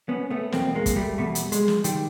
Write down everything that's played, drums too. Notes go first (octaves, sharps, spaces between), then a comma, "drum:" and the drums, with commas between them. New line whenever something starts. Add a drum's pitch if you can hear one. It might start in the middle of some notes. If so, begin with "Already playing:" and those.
B3 C#4
A3 B3
E2 B2 A#3 C4, drum: snare
G#3 A#3
drum: kick, hi-hat
G3 A3
E2 B2 G3 A3
drum: hi-hat
G#3, drum: hi-hat
drum: snare
D#3 G3, drum: hi-hat